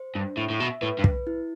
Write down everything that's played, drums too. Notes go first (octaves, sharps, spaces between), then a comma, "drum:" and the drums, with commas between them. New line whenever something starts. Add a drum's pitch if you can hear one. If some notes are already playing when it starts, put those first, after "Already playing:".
Already playing: C5
G2 D4
A2 E5
A2
B2 E5
A2 B4
G2
B4, drum: kick
E4